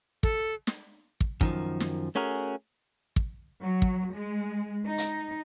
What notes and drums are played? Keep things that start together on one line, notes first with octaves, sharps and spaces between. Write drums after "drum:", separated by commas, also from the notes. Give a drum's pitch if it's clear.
A4, drum: kick
drum: snare
drum: kick
F#2 D#3 F3, drum: kick
drum: snare
A3 C#4 F#4 G#4 A#4
drum: kick
F#3
drum: kick
G#3
D#4
drum: hi-hat